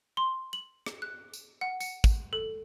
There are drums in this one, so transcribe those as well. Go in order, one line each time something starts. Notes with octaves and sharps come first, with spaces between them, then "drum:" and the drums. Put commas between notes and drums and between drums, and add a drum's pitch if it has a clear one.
C6
F#7
drum: rim click
F#6
drum: tambourine
F#5
C#7, drum: tambourine
drum: kick, tambourine
A4